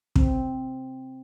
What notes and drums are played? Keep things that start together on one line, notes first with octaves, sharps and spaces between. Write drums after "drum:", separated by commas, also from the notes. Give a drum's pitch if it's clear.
C4, drum: kick